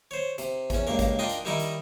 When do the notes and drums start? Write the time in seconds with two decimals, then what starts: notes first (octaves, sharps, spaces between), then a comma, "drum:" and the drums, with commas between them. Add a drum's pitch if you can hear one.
0.11 C5 C#5
0.38 C3, drum: hi-hat
0.70 E2 C#4, drum: kick G#1, hi-hat
0.87 C#2 G2 A#3 A#4
0.99 drum: kick G#1, hi-hat
1.19 D4 F4 A#4 D#5 G5
1.29 drum: hi-hat
1.45 D#3 G3 D#4 E4 A#4
1.60 drum: hi-hat